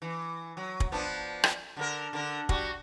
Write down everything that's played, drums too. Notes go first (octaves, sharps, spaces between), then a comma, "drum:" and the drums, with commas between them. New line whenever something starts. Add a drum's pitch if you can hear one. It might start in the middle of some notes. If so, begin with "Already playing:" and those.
E3
F#3
drum: kick
F3 B3 D4
drum: rim click
D3 B3 A#4
D3 A#4
G3 F#4, drum: kick